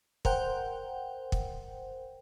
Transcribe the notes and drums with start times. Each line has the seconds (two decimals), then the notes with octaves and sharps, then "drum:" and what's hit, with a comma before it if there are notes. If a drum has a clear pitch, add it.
0.25 A#4 C5 F#5 G5, drum: kick
1.32 drum: kick